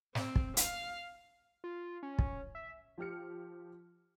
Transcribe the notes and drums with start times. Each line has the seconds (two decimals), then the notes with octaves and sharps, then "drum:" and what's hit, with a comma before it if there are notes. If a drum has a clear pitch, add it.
0.15 C4, drum: snare
0.36 drum: kick
0.57 F5, drum: hi-hat
1.64 F4
2.03 C#4
2.19 drum: kick
2.55 E5
2.98 F3 G4 F6 C#7